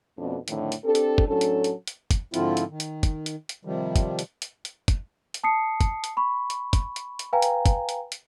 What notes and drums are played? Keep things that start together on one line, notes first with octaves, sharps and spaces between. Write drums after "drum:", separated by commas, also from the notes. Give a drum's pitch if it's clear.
F2 B2 A3 C#4 D4
F2 A2 D3 D#3, drum: hi-hat
drum: hi-hat
C4 D4 G4 A4
drum: hi-hat
drum: kick
A2 F#3 C#4 D4 A4
drum: hi-hat
drum: hi-hat
drum: hi-hat
drum: kick, hi-hat
G#2 D3 F3 C4 E4 F4, drum: hi-hat
drum: hi-hat
D#3
drum: hi-hat
drum: kick, hi-hat
drum: hi-hat
drum: hi-hat
C3 D#3 F3 G3
drum: kick, hi-hat
drum: hi-hat
drum: hi-hat
drum: hi-hat
drum: kick, hi-hat
drum: hi-hat
A5 D#6 C7 C#7
drum: kick, hi-hat
drum: hi-hat
B5 C#6
drum: hi-hat
drum: kick, hi-hat
drum: hi-hat
drum: hi-hat
B4 F5 G5 G#5 A#5
drum: hi-hat
drum: kick, hi-hat
drum: hi-hat
drum: hi-hat